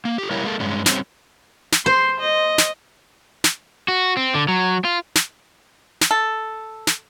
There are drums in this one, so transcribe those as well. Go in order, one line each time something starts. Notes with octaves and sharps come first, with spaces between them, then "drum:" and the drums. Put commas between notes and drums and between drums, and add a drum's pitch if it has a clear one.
A#3
G4 A4
G3 E4 G4 A#4 C#5 F5
G#3 A#3 A4
G2 G#3 C#4
G3 C4 C#4, drum: snare
drum: snare
C5 C6
D#5
drum: snare
drum: snare
F#4
C4
D3
F#3
F4
drum: snare
drum: snare
A4
drum: snare